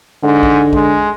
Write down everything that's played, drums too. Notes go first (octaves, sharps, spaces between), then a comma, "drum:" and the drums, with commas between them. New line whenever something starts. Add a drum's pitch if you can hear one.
G#2 D3
drum: kick
G#3, drum: kick